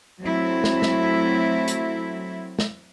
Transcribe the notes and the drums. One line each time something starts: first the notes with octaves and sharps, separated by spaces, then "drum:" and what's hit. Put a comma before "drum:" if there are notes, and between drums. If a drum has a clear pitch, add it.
F#3 A3 C4 E4
drum: snare
drum: snare
drum: hi-hat
drum: snare